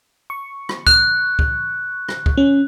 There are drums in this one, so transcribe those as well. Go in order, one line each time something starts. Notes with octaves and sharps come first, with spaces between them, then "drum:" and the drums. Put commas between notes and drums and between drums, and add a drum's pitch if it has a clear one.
C#6
drum: rim click
F#6, drum: kick
drum: kick
drum: rim click
drum: kick
C#4